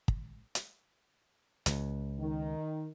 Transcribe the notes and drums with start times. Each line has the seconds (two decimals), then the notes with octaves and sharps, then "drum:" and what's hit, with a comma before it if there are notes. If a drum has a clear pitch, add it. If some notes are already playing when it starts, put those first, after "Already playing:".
0.08 drum: kick
0.55 drum: hi-hat
1.66 C#2, drum: hi-hat
2.19 D#3